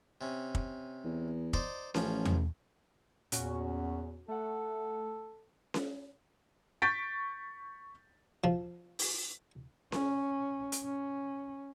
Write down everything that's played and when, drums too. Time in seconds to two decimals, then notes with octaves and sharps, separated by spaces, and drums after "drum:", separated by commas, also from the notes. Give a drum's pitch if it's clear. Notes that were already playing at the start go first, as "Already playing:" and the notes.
0.21 C3 C#4
0.55 drum: kick
1.04 E2
1.53 D#4 C5 D5, drum: kick
1.94 A1 F3 C#4, drum: snare C#4
2.25 drum: tom E2
3.32 E2 A#2 C#4 F#4, drum: hi-hat
4.28 A3 A4 F#5
5.74 drum: snare C#4
6.82 C#6 G6 A6 B6 D7
8.44 F3
8.99 drum: open hi-hat
9.92 C#4, drum: snare C#4
10.72 drum: hi-hat
10.84 C#4